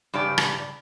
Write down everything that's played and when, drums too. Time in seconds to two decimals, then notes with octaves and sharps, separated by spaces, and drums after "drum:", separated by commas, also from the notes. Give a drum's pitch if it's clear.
0.14 G2 C#3 G4 D5
0.38 drum: rim click